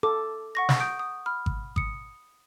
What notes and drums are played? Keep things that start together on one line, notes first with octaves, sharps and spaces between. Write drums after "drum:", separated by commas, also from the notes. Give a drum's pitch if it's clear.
A4 D6
F#5 C#6 A#6
drum: snare
D#6 G6 D7
D#6
B5 F6
drum: kick G#1
D#6 C#7, drum: kick G#1